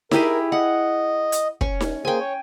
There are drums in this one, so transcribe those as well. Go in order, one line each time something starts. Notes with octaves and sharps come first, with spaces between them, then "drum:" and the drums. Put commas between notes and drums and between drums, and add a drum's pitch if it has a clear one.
E4 G4 G#4 A#4, drum: snare D#4
D#5 F#5
drum: hi-hat
C#4 C#6, drum: kick
drum: snare D#4
A#3 G#4 C5 G5 G#5
C#5